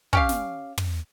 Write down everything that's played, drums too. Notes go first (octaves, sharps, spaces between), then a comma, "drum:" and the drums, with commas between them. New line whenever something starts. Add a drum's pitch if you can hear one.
C#4 G4 F5, drum: kick
drum: snare
drum: tom